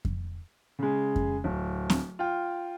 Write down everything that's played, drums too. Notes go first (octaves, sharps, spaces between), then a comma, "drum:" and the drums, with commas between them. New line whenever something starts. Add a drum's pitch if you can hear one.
drum: kick F2
C#3 G#3
drum: kick F2
D1
drum: snare
F4 G5